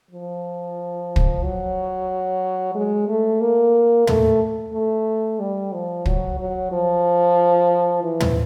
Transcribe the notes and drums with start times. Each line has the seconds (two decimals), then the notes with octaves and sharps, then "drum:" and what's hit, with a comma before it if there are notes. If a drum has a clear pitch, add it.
0.11 F3
1.16 drum: kick
1.43 F#3
2.75 G#3
3.08 A3
3.41 A#3
4.07 A3, drum: tom
4.73 A3
5.39 G3
5.73 F3
6.06 F#3, drum: kick
6.39 F#3
6.72 F3
8.03 E3
8.20 drum: tom